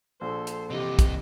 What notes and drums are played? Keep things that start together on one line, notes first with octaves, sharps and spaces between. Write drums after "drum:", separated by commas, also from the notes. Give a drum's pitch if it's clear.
A#1 A4 C5
drum: hi-hat
C3 E3 G4 D#5
drum: kick, hi-hat